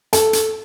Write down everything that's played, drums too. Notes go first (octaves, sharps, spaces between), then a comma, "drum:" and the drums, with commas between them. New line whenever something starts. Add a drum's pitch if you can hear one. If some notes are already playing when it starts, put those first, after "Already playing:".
A4, drum: hi-hat
drum: hi-hat